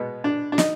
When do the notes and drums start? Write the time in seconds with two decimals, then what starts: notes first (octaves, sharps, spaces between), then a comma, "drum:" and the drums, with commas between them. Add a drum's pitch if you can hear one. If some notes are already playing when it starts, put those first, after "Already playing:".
Already playing: B2 G#3 B3
0.24 D4
0.52 D4
0.58 D#4, drum: snare